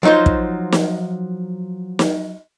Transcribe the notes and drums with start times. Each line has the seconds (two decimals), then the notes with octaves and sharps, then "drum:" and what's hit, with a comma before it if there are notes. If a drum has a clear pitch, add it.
0.03 F3 F#3 D#4 F4 C5
0.26 drum: kick
0.72 drum: snare
1.99 drum: snare